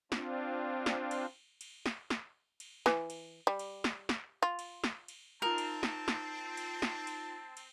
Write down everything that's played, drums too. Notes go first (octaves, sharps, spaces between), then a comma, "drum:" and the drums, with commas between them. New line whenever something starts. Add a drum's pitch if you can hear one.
C4 D4 F4, drum: snare
drum: snare
drum: cymbal
drum: cymbal
drum: snare
drum: snare
drum: cymbal
E3, drum: snare
drum: cymbal
G3
drum: cymbal
drum: snare
drum: snare
F4
drum: cymbal
drum: snare
drum: cymbal
C4 D#4 F4 A#4 A5
drum: cymbal
drum: snare
drum: snare
drum: cymbal
drum: snare
drum: cymbal
drum: cymbal